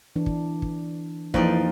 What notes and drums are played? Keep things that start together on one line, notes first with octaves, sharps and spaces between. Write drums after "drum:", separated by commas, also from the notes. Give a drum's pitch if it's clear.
E3 D4
drum: kick
drum: kick
F2 E3 A#3 D#4 C5 D5 F5, drum: kick